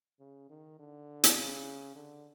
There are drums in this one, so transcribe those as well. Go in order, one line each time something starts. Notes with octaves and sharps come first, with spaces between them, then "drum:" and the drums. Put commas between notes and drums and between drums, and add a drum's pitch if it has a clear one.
C#3
D#3
D3
drum: hi-hat
C#3
D3